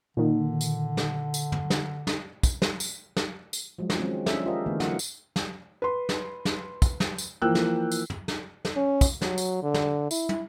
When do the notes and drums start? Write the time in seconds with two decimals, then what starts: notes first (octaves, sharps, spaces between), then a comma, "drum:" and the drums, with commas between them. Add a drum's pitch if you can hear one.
0.17 A#2 D3 D#3
0.61 drum: tambourine
0.97 drum: snare
1.34 drum: tambourine
1.52 drum: tom
1.70 drum: snare
2.07 drum: snare
2.43 drum: kick, tambourine
2.62 drum: snare
2.80 drum: tambourine
3.17 drum: snare
3.53 drum: tambourine
3.78 F3 F#3 G#3
3.90 drum: snare
3.99 D#3 G#3 C4 C#4
4.26 C#4 D4 F4 E5, drum: snare
4.46 F4 G4 G#4 A#4 C5 D#5
4.66 D3 E3 A3 A#3
4.80 F#3 F#5, drum: snare
4.99 drum: tambourine
5.36 drum: snare
5.82 B4 C6
6.09 drum: snare
6.45 drum: snare
6.82 drum: kick, tambourine
7.00 drum: snare
7.18 drum: tambourine
7.42 E3 F3 A#3 G5 E6 F#6
7.55 drum: snare
7.92 drum: tambourine
8.10 drum: tom
8.28 drum: snare
8.65 drum: snare
8.76 C#4
9.01 drum: kick, tambourine
9.21 F#3, drum: snare
9.38 drum: tambourine
9.63 D3
9.74 drum: snare
10.11 E4, drum: tambourine
10.29 drum: tom